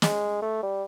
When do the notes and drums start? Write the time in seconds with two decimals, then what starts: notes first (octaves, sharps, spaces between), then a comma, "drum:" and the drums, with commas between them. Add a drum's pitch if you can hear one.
0.02 G#3, drum: snare
0.42 A3
0.63 G3